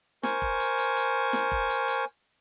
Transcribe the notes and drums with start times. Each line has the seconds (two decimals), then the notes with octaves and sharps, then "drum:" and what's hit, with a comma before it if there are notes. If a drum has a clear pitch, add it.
0.23 A#4 C5 G#5 C#6, drum: snare
0.42 drum: kick F1
0.60 drum: hi-hat
0.78 drum: hi-hat
0.97 drum: hi-hat
1.33 drum: snare
1.51 drum: kick F1
1.70 drum: hi-hat
1.88 drum: hi-hat